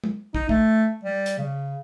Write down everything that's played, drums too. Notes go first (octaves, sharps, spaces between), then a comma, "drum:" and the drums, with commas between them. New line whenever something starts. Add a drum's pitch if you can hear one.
drum: tom
D#4, drum: kick
A3, drum: kick
G3
drum: hi-hat
C#3